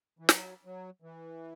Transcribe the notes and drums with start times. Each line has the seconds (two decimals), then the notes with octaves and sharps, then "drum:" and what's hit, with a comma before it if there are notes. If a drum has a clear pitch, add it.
0.19 E3
0.29 F#3, drum: snare
0.65 F#3
1.02 E3